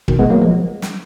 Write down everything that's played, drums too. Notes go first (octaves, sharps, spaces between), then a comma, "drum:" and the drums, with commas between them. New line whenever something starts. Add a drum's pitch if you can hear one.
B2 D#3, drum: kick
G#3 B3
F#3 A#3
F3 G#3
drum: snare